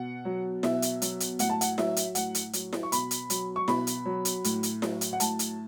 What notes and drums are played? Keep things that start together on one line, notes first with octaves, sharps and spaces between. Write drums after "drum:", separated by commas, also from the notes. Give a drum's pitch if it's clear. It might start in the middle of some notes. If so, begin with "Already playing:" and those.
Already playing: B2 F#5
F#3
B2 E5, drum: snare E4
drum: hi-hat
F#3, drum: hi-hat
drum: hi-hat
A2 F#5, drum: hi-hat
A5
F#5, drum: hi-hat
F#3 E5, drum: snare E4
drum: hi-hat
A2 F#5, drum: hi-hat
drum: hi-hat
F#3, drum: hi-hat
drum: snare E4
C#6
B2 B5, drum: hi-hat
drum: hi-hat
F#3, drum: hi-hat
C#6
B2 B5, drum: snare E4
drum: hi-hat
F#3
drum: hi-hat
A2, drum: hi-hat
drum: hi-hat
F#3, drum: snare E4
drum: hi-hat
F#5
A2 A5, drum: hi-hat
drum: hi-hat